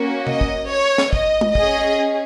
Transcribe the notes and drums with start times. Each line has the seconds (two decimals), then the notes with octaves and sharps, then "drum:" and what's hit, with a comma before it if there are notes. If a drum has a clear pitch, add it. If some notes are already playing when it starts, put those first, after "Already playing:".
Already playing: A#3 C#4 F#4
0.27 D#5, drum: tom C3
0.41 drum: kick
0.70 C#5
0.98 drum: snare
1.13 D#5, drum: kick
1.41 drum: tom
1.55 C#4 G#4 D#5, drum: kick